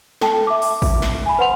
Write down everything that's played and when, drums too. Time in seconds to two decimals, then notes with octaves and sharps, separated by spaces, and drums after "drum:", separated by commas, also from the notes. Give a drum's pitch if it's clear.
0.21 A4 G5 A5, drum: snare
0.47 E5 D6
0.62 drum: open hi-hat
0.82 drum: kick A1, open hi-hat
1.02 drum: snare
1.26 G#5 B5
1.39 B4 C5 F#5 C6 F7